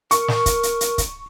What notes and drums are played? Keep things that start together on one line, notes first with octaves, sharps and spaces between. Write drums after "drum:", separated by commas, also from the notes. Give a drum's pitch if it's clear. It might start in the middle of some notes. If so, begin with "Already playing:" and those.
A#4 C#6, drum: hi-hat
drum: snare
drum: kick, hi-hat
drum: hi-hat
drum: hi-hat
drum: kick, hi-hat